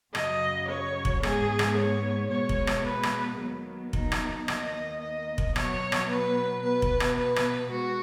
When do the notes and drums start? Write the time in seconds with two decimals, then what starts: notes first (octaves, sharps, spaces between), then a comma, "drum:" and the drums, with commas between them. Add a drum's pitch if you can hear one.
0.15 F#2 C#3 F#3 D#5, drum: rim click
0.68 C#5
1.05 drum: kick F1
1.23 G#2 G#3 B3 G#4, drum: rim click
1.59 drum: rim click
1.77 C#5
2.31 B2 G#3 B3 C#5
2.49 drum: kick F1
2.67 drum: rim click
2.85 B4
3.03 drum: rim click
3.39 D#2 D#3 F#3 B3
3.93 D#4, drum: kick F1
4.12 drum: rim click
4.48 D#2 D#3 B3 D#5, drum: rim click
5.01 D#5
5.38 drum: kick F1
5.56 B2 F#3 B3 C#5, drum: rim click
5.92 drum: rim click
6.09 B4
6.64 B2 B3 B4
6.82 drum: kick F1
7.00 drum: rim click
7.18 B4
7.36 drum: rim click
7.72 B2 G#3 F#4